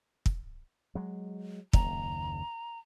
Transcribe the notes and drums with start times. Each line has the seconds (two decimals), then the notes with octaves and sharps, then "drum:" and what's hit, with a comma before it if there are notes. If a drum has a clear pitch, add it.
0.26 drum: kick
0.95 F#3 G#3
1.73 F#1 D#2 A#5, drum: kick